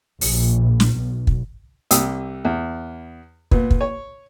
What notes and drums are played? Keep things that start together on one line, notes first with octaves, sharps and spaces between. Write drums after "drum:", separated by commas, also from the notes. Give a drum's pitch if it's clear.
A#1, drum: open hi-hat
drum: snare
B1
drum: kick
C2 G4 G5 D#6 E6, drum: hi-hat
E2
A#2 B3, drum: kick
drum: kick
C#5